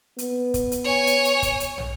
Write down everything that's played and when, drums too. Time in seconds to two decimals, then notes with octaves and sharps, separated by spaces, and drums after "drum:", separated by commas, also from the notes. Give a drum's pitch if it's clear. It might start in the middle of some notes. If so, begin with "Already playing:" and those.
0.18 B3, drum: hi-hat
0.54 drum: kick, hi-hat
0.72 drum: hi-hat
0.84 C#5 G#5
1.07 drum: hi-hat
1.25 drum: hi-hat
1.42 drum: kick, hi-hat
1.60 drum: hi-hat
1.78 drum: tom